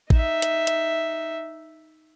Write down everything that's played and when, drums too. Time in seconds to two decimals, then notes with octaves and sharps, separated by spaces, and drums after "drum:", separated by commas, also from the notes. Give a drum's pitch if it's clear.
0.10 D#4 E5, drum: kick A1
0.42 drum: hi-hat
0.67 drum: hi-hat